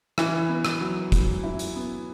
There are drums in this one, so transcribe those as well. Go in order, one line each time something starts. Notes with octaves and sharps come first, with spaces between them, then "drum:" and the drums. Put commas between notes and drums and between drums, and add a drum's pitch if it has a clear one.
E3 E4, drum: rim click
B3
drum: rim click
F#3
F#3, drum: kick, hi-hat
E4
drum: hi-hat
B3